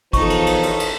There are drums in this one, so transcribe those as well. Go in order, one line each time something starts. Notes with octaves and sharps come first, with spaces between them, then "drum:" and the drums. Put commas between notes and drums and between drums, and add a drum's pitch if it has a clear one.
E2 F3 D#4 A4 C#6, drum: kick, cymbal
drum: cymbal
drum: cymbal
drum: cymbal
drum: cymbal